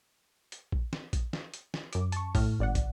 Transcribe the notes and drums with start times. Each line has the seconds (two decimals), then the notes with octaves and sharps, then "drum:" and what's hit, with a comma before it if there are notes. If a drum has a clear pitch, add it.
0.52 drum: hi-hat
0.72 drum: kick
0.93 drum: snare
1.13 drum: kick, hi-hat
1.33 drum: snare
1.54 drum: hi-hat
1.74 drum: snare
1.93 F#2 D6, drum: hi-hat
2.12 A5 C#6, drum: hi-hat
2.35 A2 F6, drum: kick, open hi-hat
2.60 G#1 D5 F#5
2.75 drum: kick, hi-hat